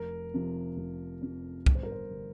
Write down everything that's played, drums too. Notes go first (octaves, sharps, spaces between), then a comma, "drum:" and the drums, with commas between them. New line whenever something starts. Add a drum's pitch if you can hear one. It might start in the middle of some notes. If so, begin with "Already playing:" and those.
Already playing: F1 A#4
F2 C3 F3
F1
F2 C3 F3
G1, drum: kick C2
C5
A#4
C5
D3 G3